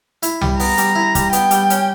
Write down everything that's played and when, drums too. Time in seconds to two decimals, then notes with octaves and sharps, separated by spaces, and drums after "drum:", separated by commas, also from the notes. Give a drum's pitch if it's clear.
0.23 E4, drum: hi-hat
0.41 G3, drum: tom C2
0.60 B3 A#5, drum: open hi-hat
0.78 G3, drum: hi-hat
0.95 E4
1.15 G3, drum: kick, hi-hat
1.33 B3 G5, drum: hi-hat
1.51 G3, drum: hi-hat
1.70 C#4, drum: hi-hat